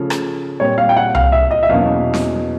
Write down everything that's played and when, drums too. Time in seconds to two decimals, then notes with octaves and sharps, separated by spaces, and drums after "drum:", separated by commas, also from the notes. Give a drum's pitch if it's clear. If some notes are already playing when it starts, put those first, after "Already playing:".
Already playing: C#3 F3 A3 C#4
0.10 drum: rim click
0.60 A#2 G3 C4 C#5
0.78 F5
0.89 G5
0.97 F#5
1.15 F5, drum: tom C2
1.32 E5
1.51 D#5
1.63 E5
1.69 E2 B2 F#3 A#3 C#4 F5
2.14 drum: snare C4